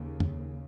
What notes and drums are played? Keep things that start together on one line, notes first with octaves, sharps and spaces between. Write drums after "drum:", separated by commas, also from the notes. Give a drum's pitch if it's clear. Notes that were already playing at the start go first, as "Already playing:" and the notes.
Already playing: D#2 C#3
drum: tom